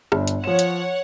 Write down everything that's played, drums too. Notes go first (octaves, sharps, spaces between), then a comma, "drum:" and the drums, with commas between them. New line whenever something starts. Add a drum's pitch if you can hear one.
G1 D4, drum: rim click
drum: hi-hat
F3 C#5 F#5 E7
drum: hi-hat